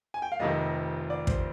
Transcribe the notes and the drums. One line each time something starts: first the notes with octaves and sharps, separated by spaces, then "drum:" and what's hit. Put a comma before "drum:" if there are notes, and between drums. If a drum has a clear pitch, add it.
G#5
G5
F5
F1 F2 C3 D#3 D#5
D5
C5, drum: kick